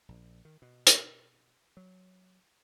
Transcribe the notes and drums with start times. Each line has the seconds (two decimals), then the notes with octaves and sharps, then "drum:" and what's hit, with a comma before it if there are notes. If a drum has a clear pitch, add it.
0.09 A#1
0.45 D#3
0.62 B2
0.87 drum: hi-hat
1.77 F#3